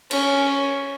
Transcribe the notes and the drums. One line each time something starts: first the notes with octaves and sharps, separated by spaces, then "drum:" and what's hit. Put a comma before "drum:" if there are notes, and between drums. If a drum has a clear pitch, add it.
C#4, drum: cymbal